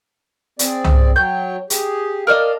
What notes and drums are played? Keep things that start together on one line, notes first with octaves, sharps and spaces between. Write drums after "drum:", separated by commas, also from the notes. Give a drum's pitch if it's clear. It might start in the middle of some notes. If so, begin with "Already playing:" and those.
C4 G#4 D5, drum: hi-hat
drum: tom C2
F#3 C#5 G5 G6
G4 G#4, drum: hi-hat
A#4 D5 D#5 F5 A5